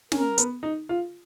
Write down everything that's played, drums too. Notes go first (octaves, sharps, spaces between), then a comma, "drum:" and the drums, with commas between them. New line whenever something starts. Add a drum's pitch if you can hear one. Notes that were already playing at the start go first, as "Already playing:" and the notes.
C#4 A#4, drum: snare
B3, drum: hi-hat
D#4
F4